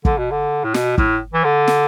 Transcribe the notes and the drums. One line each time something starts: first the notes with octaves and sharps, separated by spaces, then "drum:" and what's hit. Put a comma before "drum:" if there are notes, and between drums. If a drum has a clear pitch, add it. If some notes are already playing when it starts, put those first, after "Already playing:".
D3, drum: kick
B2
D3
A2
B2, drum: snare
A2, drum: kick
E3
D3
drum: snare